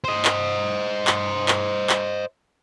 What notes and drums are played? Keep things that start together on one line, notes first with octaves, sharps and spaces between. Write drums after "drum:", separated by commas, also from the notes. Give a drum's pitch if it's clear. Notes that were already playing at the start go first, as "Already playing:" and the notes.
C5 D#5
drum: clap
drum: clap
drum: clap
drum: clap